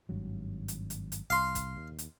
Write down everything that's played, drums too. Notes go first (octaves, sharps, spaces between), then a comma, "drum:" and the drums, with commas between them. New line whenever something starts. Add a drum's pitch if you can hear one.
G#1 G2 F#3
drum: hi-hat
drum: hi-hat
drum: hi-hat
C2 F5 C6
drum: kick, hi-hat
D#2
drum: hi-hat